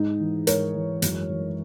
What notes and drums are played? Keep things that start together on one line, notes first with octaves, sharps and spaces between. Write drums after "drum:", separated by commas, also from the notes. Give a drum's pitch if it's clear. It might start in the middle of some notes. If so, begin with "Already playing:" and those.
Already playing: G#2 D#4
E3
G#2 A#4 C#5, drum: hi-hat
E3
F#2, drum: hi-hat
E3